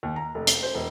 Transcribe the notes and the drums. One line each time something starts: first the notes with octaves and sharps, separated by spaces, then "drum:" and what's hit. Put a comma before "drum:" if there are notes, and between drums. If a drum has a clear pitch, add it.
D#2
A#5
F1
F7, drum: hi-hat
C5
E1